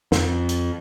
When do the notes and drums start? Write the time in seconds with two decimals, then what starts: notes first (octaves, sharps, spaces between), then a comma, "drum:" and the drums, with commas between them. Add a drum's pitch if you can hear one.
0.12 F2, drum: snare
0.49 drum: hi-hat